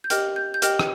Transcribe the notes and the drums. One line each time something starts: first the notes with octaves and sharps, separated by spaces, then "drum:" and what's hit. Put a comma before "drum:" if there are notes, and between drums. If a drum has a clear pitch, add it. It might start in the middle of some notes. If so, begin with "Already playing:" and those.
G6
G4 A#4 D#5 G5 F6, drum: hi-hat
G6
G6
G4 A#4 D#5 G5 F6, drum: hi-hat
drum: rim click